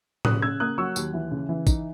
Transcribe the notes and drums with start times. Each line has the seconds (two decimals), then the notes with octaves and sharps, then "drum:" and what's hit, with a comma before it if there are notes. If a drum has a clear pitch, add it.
0.25 C#3 D#6 F#6, drum: tom A2
0.42 C#3 E6 G#6
0.60 A#3 D#6 F#6
0.78 F#3 C#6 E6
0.96 D#2, drum: tambourine
1.14 E3
1.31 C#3
1.49 E3
1.67 D#4, drum: kick, tambourine